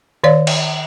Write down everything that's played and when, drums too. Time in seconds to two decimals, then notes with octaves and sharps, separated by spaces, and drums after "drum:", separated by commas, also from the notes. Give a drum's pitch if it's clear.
0.24 D#3 C#5 D5 F5
0.47 drum: cymbal